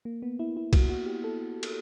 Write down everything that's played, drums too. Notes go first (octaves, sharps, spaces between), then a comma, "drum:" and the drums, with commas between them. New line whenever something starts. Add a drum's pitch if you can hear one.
A#3
B3
E4
E4
F#4, drum: kick, cymbal
F#4
G4
A4
drum: cymbal